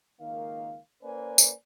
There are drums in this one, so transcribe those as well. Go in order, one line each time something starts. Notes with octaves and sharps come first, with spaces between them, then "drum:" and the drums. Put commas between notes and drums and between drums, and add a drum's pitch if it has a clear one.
C#2 D#3 A#3 F5
A#3 C#4 B4 C5 D5 G#5
drum: tambourine